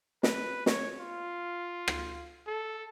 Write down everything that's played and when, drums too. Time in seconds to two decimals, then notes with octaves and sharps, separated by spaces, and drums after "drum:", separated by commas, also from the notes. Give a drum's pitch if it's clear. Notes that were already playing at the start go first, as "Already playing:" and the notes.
0.23 B4, drum: snare
0.66 C#5, drum: snare
0.99 F4
1.88 drum: rim click
2.47 A4